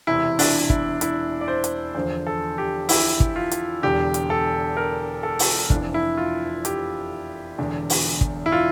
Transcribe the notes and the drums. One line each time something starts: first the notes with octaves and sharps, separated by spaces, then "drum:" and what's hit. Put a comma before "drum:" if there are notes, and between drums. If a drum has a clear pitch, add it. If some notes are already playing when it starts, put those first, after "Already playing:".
E1 E2 C3 E4
D4, drum: open hi-hat
E4, drum: kick
E4, drum: hi-hat
D5
C5
drum: hi-hat
E2 D3 F3 C5
A4
G4
E4, drum: open hi-hat
drum: kick
F4
drum: hi-hat
E1 E2 D3 G4
drum: hi-hat
A4
A#4
A4
drum: open hi-hat
F1 F2 E3 D4, drum: kick
E4
F4
G4, drum: hi-hat
E1 E2 D3
drum: open hi-hat
drum: kick
E4
F4